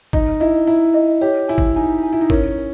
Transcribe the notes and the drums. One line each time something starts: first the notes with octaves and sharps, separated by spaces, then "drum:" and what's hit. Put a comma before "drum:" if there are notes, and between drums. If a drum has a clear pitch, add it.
D#4 D#5, drum: kick
E4 D#5
E4 A#5
D#5
G4 C#5
E4 G#5
drum: kick
D#4 G#5
G#5
E4
D#4
C#4 A#4, drum: kick
A#4